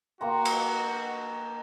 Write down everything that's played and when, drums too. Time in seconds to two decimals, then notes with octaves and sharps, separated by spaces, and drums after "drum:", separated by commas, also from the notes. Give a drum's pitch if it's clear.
0.21 A#3 F#4 F5 G5 A#5 C6
0.45 drum: cymbal